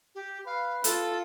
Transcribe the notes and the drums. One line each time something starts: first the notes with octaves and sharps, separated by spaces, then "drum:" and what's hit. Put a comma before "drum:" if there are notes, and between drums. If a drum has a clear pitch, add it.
G4
B4 F5
F4 A4, drum: hi-hat